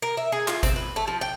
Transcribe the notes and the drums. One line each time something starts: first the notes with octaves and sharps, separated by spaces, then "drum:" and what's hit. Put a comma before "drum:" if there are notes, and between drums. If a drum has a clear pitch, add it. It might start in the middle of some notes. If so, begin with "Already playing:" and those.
A#4
E5
G#4
F4, drum: clap
C4, drum: kick G#1, hi-hat
B4
A3
F3
G5